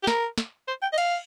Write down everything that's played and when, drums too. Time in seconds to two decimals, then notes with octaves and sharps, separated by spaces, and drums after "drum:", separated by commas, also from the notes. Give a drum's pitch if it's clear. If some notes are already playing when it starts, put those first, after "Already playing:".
0.03 G4
0.07 A#4, drum: snare
0.38 drum: snare
0.68 C5
0.82 G5
0.93 D#5
0.98 F5, drum: cymbal